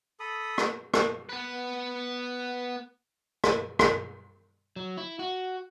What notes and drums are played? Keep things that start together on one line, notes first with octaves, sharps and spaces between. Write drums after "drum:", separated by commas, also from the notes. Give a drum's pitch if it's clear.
A4 B5 D#6
drum: rim click
drum: rim click
B3 B4
drum: rim click
drum: rim click
F#3
E4
F#4